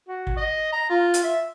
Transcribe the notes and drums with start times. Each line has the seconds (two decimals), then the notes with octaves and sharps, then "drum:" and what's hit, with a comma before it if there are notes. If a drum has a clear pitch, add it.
0.08 F#4
0.27 drum: kick
0.37 D#5
0.72 A#5
0.90 F4
1.14 drum: hi-hat
1.23 E5